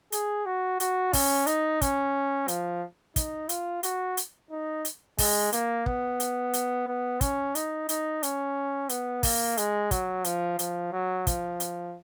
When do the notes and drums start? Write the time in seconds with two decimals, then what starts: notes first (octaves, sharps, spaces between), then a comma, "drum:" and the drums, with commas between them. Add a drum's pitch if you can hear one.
0.12 G#4, drum: hi-hat
0.46 F#4
0.80 F#4, drum: hi-hat
1.13 C#4, drum: kick, open hi-hat
1.47 D#4, drum: hi-hat
1.81 C#4, drum: kick, hi-hat
2.48 F3, drum: hi-hat
3.16 D#4, drum: kick, hi-hat
3.49 F4, drum: hi-hat
3.83 F#4, drum: hi-hat
4.17 drum: hi-hat
4.51 D#4
4.85 drum: hi-hat
5.18 G#3, drum: kick, open hi-hat
5.52 A#3, drum: hi-hat
5.86 B3, drum: kick
6.20 drum: hi-hat
6.53 drum: hi-hat
6.87 B3
7.21 C#4, drum: kick, hi-hat
7.55 D#4, drum: hi-hat
7.89 D#4, drum: hi-hat
8.23 C#4, drum: hi-hat
8.89 B3, drum: hi-hat
9.23 A#3, drum: kick, open hi-hat
9.57 G#3, drum: hi-hat
9.91 F#3, drum: kick, hi-hat
10.24 F3, drum: hi-hat
10.59 F3, drum: hi-hat
10.92 F#3
11.27 F3, drum: kick, hi-hat
11.60 drum: hi-hat